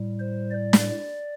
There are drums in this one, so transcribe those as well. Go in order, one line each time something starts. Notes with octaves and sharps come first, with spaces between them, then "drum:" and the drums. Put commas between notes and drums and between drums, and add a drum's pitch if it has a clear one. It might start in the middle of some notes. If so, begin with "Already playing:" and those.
Already playing: A2 G3
C5
D5
drum: snare